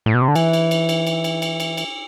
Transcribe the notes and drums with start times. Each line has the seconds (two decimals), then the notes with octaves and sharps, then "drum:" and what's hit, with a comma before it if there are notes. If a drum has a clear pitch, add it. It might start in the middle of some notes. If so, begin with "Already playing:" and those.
0.06 A2
0.14 B2
0.22 C3
0.28 D3
0.35 E3, drum: cymbal
0.53 drum: cymbal
0.71 drum: cymbal
0.89 drum: cymbal
1.07 drum: cymbal
1.24 drum: cymbal
1.42 drum: cymbal
1.60 drum: cymbal
1.77 drum: cymbal